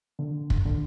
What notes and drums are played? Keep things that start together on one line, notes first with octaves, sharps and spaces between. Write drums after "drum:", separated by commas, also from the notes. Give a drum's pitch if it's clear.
D3
drum: kick
D3